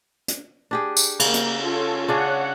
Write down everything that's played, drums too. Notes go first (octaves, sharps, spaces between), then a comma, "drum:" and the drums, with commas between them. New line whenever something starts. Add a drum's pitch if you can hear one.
drum: hi-hat
D4 G4 G#4
drum: tambourine
C#3 A#3 A#4, drum: cymbal
drum: hi-hat
C#4 F4 A4
C#3 D4 G#4 C#5 F#5